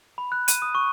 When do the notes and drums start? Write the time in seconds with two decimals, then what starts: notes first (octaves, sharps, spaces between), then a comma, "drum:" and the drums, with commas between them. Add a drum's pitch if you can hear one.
0.18 B5
0.32 F#6
0.48 D#7, drum: hi-hat
0.62 D#6
0.75 C#6